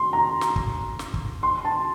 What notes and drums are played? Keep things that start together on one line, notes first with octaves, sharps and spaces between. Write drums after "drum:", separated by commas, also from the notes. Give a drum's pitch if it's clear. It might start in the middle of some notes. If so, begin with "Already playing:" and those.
Already playing: C6
A#5
drum: snare
drum: kick
drum: snare
drum: kick
C6
A5